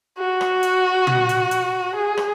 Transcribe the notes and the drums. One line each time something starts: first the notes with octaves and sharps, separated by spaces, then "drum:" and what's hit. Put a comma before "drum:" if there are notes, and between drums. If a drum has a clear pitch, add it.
F#4
drum: rim click
drum: hi-hat
drum: tom
drum: hi-hat
drum: hi-hat
G#4
drum: rim click